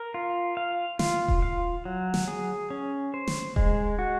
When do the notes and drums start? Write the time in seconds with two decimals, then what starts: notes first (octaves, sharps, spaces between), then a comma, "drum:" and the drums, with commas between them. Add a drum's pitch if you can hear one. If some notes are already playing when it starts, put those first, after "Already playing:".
Already playing: A#4
0.14 F4
0.57 F5
0.99 F4, drum: snare
1.28 drum: kick D#1
1.42 F5
1.85 F#3
2.14 drum: snare
2.27 G#4
2.70 C#4
3.14 C5
3.27 drum: snare
3.56 G#3, drum: kick D#1
3.99 F#4